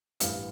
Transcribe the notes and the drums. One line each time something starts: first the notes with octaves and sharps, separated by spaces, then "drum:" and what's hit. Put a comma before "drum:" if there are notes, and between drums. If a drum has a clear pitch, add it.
A1 G2 E3 G3 F5, drum: hi-hat